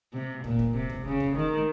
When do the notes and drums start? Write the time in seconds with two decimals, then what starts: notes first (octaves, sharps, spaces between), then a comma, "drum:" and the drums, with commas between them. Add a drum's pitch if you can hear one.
0.13 C3
0.44 A#2, drum: kick
0.59 drum: kick
0.74 C3
0.90 drum: kick
1.05 C#3
1.20 drum: kick
1.35 D#3